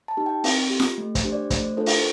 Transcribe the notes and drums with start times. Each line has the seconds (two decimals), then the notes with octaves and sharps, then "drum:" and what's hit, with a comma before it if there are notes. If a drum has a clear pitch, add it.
0.08 A5
0.17 D#4 G4
0.26 G5
0.44 C4, drum: open hi-hat
0.70 G4
0.80 drum: snare F4
0.98 A3
1.15 C5, drum: kick, hi-hat
1.24 D4 G4
1.32 D5
1.50 A3 C5, drum: kick, hi-hat
1.77 D4 F4 A4 C5
1.86 drum: open hi-hat